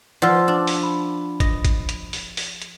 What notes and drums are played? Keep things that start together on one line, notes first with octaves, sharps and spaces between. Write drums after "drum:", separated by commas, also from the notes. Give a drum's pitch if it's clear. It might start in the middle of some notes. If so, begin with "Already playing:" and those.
F3 F4 D5 F#5 E6
D4
drum: open hi-hat
B5
D#5, drum: kick, hi-hat
drum: kick, hi-hat
drum: hi-hat
drum: open hi-hat
drum: open hi-hat
drum: hi-hat